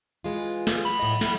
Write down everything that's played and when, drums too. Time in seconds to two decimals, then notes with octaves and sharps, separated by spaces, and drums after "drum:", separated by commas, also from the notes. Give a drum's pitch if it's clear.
0.24 E3 G#3 F4
0.67 drum: snare
0.85 F#3 B5
0.99 A2 D#5
1.21 E4, drum: snare